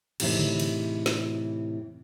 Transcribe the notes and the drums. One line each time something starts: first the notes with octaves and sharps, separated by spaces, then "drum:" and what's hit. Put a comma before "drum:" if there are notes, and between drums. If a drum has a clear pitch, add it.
A2 C3 E3 D#4 G#4, drum: cymbal
drum: tom C#3
drum: cymbal
drum: snare